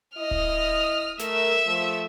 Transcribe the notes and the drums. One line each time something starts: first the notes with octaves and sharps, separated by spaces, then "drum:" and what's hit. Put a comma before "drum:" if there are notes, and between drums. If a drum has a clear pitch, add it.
E4 D#5 D#6 F6
drum: kick D1
A3 A#4 E5 E6, drum: snare
F3 A3